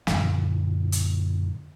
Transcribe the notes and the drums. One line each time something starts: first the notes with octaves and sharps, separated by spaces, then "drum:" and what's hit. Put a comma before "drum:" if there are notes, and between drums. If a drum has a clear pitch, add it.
F#2 A#2 D3, drum: snare
drum: hi-hat